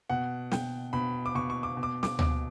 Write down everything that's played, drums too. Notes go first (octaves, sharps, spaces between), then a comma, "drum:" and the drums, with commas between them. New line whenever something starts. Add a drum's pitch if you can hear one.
B2 F#5
B2 G5, drum: snare
B2 B5
D6
B2 C#6
C#6
D6
B2
D6
D6, drum: snare
B2 D6, drum: tom